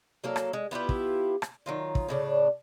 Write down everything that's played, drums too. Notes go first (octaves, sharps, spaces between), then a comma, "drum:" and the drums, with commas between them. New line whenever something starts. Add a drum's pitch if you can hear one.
F#3 A#3 A4
drum: rim click
G#3
B3 E4 F4 G4
drum: kick
drum: rim click
D#3 F#3 F4
drum: kick
A2 C#3 D4